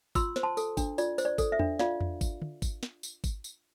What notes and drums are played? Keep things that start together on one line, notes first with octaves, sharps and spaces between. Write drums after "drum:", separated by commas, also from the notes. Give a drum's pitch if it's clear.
F4 C6 E6, drum: kick, tambourine
C5, drum: snare
A5 C6
A4, drum: tambourine
D4, drum: kick, tambourine
F4 D5, drum: tambourine
C5, drum: tambourine
D5
A4, drum: kick, tambourine
E5
D4, drum: tom E2
F4 D5 F5, drum: snare
drum: tom E2
drum: kick, tambourine
drum: tom
drum: kick, tambourine
drum: snare
drum: tambourine
drum: kick, tambourine
drum: tambourine